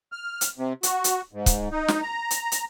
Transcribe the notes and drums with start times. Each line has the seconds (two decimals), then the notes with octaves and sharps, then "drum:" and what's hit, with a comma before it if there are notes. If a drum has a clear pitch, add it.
0.12 F6
0.41 drum: hi-hat
0.58 C3
0.83 F#4, drum: hi-hat
1.04 drum: hi-hat
1.33 G#2
1.46 drum: kick, hi-hat
1.71 D#4
1.88 drum: snare
2.02 A#5
2.31 drum: hi-hat
2.52 drum: hi-hat